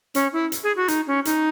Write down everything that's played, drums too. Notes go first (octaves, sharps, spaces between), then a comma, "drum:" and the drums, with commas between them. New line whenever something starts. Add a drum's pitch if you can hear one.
C#4, drum: hi-hat
E4
drum: hi-hat
G#4
F#4
D#4, drum: hi-hat
C#4
D#4, drum: hi-hat